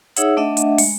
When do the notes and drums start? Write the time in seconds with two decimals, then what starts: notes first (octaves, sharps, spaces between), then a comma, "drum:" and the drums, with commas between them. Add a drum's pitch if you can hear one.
0.16 D#4 G#4 C#5 E5 F#5 E6, drum: hi-hat
0.37 A3 D4 D#5 E5 F#5
0.57 drum: hi-hat
0.78 G#3, drum: open hi-hat